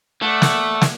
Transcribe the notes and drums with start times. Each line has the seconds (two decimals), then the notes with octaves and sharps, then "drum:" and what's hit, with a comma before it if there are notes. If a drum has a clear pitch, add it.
0.22 A3 D5 F#5
0.42 drum: snare
0.81 drum: snare